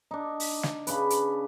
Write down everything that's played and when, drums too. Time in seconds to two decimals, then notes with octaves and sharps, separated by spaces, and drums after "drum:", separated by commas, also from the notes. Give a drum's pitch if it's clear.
0.11 D4 D#4
0.40 drum: open hi-hat
0.63 drum: snare
0.87 C#3 D4 B4, drum: hi-hat
1.10 drum: hi-hat